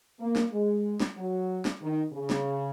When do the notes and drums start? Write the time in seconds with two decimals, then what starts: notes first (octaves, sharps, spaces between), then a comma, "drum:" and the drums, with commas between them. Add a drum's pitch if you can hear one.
0.20 A#3
0.36 drum: snare
0.52 G#3
1.00 drum: snare
1.17 F#3
1.65 drum: snare
1.82 D#3
2.13 C#3
2.30 drum: snare